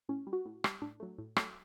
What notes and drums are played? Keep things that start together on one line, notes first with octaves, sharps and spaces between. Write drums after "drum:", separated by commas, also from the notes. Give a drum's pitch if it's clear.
A2 C#4
G3
F#4
A2
G3, drum: rim click
A2 D4
F#3 A3
A2
F#3 A3, drum: rim click